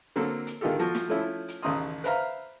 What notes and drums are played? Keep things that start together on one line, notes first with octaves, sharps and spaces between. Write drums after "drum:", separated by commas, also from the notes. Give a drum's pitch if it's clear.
D3 F#3 A#3 C4 A4
drum: hi-hat
D3 D#3 G#3 F4 G4 A4
F3 F#4 A4
drum: snare
F3 A3 C#4 E4
drum: hi-hat
A1 D#2 C#3 A#5 C6 D#6
B4 C5 E5 F5 A#5 F6, drum: hi-hat